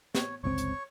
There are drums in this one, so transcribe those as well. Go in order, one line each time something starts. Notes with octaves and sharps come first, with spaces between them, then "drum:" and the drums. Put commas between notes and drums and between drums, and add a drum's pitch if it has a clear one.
C#5, drum: snare
G1 C#2 C4 C#5 C#6
drum: hi-hat